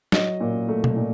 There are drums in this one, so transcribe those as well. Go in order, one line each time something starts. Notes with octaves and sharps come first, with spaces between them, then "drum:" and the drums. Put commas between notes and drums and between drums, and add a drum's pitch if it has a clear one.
F#3 D#5, drum: snare
A#2
A3
drum: tom B2
A#2